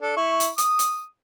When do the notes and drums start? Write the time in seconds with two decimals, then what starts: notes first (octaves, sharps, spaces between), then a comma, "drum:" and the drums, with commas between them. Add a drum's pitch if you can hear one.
0.01 D4 A4
0.16 E4 C#6
0.40 drum: hi-hat
0.58 D#6, drum: hi-hat
0.79 drum: hi-hat